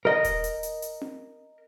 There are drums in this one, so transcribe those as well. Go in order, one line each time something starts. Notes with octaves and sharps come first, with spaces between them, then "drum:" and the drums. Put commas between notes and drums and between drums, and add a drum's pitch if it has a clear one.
A#4 D#5
drum: kick D#1, hi-hat
drum: hi-hat
drum: hi-hat
drum: hi-hat
drum: tom C4